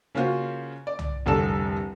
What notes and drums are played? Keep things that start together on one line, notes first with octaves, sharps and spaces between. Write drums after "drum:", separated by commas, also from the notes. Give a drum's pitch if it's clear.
C#3 A#3 C#4 F4 F#4 C5
D5
drum: tom
F1 C2 D3 A4 E7